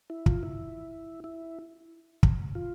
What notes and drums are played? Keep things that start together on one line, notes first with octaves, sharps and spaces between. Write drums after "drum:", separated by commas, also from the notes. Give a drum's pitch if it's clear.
E4
F4, drum: kick
E4
E4
drum: kick
F4